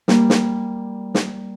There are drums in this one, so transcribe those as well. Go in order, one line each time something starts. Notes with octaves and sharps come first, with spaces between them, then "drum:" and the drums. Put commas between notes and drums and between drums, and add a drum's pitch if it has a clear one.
G3 A#3, drum: snare
drum: snare
drum: snare